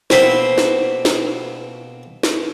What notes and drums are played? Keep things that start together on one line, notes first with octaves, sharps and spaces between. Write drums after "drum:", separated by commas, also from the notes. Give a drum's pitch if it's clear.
B2 A#3 C4 B5 C6, drum: snare
drum: snare
drum: snare
drum: snare